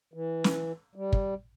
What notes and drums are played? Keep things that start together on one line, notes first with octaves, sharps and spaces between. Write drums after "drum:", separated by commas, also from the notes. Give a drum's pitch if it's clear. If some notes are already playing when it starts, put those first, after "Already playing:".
E3
drum: snare
G3
drum: kick